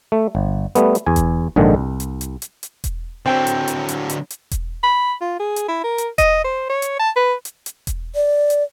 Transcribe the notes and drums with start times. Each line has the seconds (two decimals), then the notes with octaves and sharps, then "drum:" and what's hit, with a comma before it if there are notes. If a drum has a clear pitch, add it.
0.12 A3
0.35 G1
0.75 G3 A3 B3, drum: hi-hat
0.95 drum: hi-hat
1.06 E2 G#5
1.16 drum: kick E1, hi-hat
1.56 A#1 G#2 D3 D#3 G#3
1.75 C2
2.00 drum: hi-hat
2.21 drum: hi-hat
2.42 drum: hi-hat
2.63 drum: hi-hat
2.84 drum: kick E1, hi-hat
3.26 D3 F#3 C4 G5
3.47 drum: hi-hat
3.68 drum: hi-hat
3.89 drum: hi-hat
4.10 drum: hi-hat
4.30 drum: hi-hat
4.51 drum: kick E1, hi-hat
4.83 B5
5.22 F4
5.40 G#4
5.56 drum: hi-hat
5.68 E4
5.84 A#4
5.98 drum: hi-hat
6.18 D#5, drum: kick E1, hi-hat
6.44 C5
6.70 C#5
6.82 drum: hi-hat
6.99 A5
7.16 B4
7.45 drum: hi-hat
7.66 drum: hi-hat
7.87 drum: kick E1, hi-hat
8.15 D5
8.50 drum: hi-hat